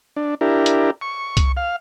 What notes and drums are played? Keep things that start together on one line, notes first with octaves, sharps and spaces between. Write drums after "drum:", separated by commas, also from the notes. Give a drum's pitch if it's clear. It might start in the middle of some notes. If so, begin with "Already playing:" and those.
D4
D4 E4 G4 A#4
drum: hi-hat
C#6
drum: kick C2, hi-hat
F5